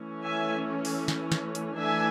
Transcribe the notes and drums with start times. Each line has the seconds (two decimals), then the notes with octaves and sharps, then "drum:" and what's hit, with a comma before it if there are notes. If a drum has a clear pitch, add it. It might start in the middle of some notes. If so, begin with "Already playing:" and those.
Already playing: E3 A3 C#4
0.23 E5 G#5
0.85 drum: open hi-hat
1.08 drum: snare
1.32 drum: snare
1.55 drum: hi-hat
1.78 E3 A3 D4 E5 G#5